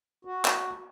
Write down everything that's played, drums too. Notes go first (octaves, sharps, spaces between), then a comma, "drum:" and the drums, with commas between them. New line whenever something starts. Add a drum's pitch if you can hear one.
F#4
drum: clap